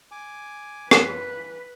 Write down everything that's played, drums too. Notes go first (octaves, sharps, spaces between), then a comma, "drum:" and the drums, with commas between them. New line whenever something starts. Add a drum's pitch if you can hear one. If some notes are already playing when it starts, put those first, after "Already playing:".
G#5 D6
F4 B4, drum: rim click
E3